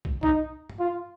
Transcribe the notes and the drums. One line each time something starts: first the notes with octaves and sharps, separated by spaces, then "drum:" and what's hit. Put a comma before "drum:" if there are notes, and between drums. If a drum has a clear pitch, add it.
drum: kick
D#4, drum: kick
drum: tom
F4